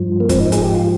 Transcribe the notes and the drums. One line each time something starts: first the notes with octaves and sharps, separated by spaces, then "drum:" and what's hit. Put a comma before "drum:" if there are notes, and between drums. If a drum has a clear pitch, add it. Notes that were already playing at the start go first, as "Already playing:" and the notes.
Already playing: G2 F3
A#3
G#2 F3 C4, drum: kick, hi-hat
D#4
G#4, drum: hi-hat
G4
F4